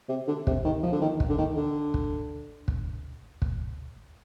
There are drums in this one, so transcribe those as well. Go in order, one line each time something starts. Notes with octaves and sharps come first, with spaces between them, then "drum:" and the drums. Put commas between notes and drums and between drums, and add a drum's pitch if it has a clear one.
C3
D3
C3, drum: kick
D#3
F3
D3
D#3
drum: kick
D3
D#3
D3
drum: kick
drum: kick
drum: kick